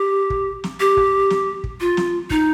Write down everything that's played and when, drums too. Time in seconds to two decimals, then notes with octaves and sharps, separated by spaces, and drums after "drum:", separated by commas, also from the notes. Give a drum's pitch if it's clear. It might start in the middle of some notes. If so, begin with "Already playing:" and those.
Already playing: G4
0.30 drum: kick
0.64 drum: snare
0.80 G4
0.97 drum: kick
1.30 drum: snare
1.64 drum: kick
1.81 F4
1.97 drum: snare
2.30 D#4, drum: kick